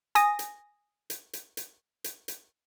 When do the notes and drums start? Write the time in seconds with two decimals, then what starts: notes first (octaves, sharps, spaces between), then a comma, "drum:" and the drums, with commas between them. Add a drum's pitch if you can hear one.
0.15 G#5 D#6 A#6, drum: hi-hat
0.39 drum: hi-hat
1.10 drum: hi-hat
1.33 drum: hi-hat
1.57 drum: hi-hat
2.04 drum: hi-hat
2.28 drum: hi-hat